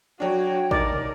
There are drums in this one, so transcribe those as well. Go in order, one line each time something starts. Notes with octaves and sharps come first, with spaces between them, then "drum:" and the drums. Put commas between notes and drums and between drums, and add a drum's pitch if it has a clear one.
F#3 D4 F#4 C#5 G5
D#4 A#4 D5, drum: kick
drum: tom